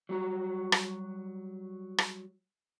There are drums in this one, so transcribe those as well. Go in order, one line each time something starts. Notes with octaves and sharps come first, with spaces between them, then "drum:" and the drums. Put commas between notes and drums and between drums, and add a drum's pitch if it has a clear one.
F#3 G3 F#4 A#5
drum: rim click
drum: rim click